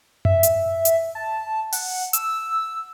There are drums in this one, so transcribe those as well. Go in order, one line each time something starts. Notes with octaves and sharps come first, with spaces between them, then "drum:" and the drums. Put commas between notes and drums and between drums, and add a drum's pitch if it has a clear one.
E5, drum: tom F#2
drum: hi-hat
drum: hi-hat
A5
F#5, drum: open hi-hat
E6, drum: hi-hat